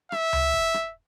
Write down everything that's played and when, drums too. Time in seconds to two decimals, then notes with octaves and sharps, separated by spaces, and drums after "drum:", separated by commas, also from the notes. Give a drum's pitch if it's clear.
0.12 E5, drum: rim click
0.33 drum: tom C#2
0.53 drum: kick
0.74 drum: rim click